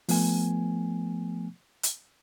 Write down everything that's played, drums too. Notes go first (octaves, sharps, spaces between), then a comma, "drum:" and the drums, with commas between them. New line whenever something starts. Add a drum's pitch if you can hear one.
F3 A3 B3 G#5, drum: open hi-hat
drum: hi-hat